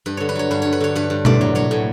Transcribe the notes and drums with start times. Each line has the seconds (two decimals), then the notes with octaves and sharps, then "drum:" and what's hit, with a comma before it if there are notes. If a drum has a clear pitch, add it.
0.06 G2 B4
0.17 D3 C#5
0.29 B4
0.35 F#3 C#5
0.51 G2 B4
0.62 G2 C#5
0.73 B4
0.80 D3 C#5
0.95 G2 B4
1.10 G2
1.25 A2 D5, drum: tom B2
1.41 F#3
1.55 F#3 C#5
1.71 A2